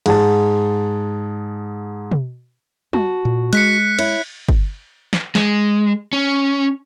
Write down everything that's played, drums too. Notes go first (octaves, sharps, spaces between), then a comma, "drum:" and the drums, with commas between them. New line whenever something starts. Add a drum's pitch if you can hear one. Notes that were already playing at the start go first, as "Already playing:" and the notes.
G#2 G#4 A5, drum: cymbal
drum: tom
F#4 A5, drum: tom
A#2
G#3 F#6 B6 C#7, drum: hi-hat
E4 C#5 F#6, drum: cymbal
drum: kick G1
drum: snare
G#3, drum: snare
C#4